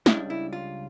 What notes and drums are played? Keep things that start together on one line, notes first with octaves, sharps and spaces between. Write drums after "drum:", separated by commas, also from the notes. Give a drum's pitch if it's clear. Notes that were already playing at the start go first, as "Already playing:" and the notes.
C#2 C#3 G3 D4 E4, drum: snare
E4
F4